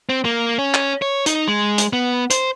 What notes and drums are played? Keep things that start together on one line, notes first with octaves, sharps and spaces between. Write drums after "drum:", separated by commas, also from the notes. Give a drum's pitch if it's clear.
C4
A#3
C#4
drum: clap
C#5
D#4, drum: hi-hat
G#3
drum: hi-hat
B3
C5, drum: hi-hat